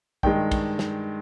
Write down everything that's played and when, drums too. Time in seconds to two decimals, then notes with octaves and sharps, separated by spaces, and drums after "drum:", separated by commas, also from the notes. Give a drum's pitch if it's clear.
0.23 G2 D#3 G#3 G5, drum: kick
0.51 drum: kick, cymbal
0.79 drum: snare